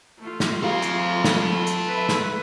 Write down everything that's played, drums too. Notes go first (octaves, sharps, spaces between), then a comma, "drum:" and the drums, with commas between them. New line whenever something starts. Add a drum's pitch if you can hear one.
A3 F4
drum: snare
A4 F5
drum: hi-hat
drum: snare
drum: hi-hat
B4 E5
drum: snare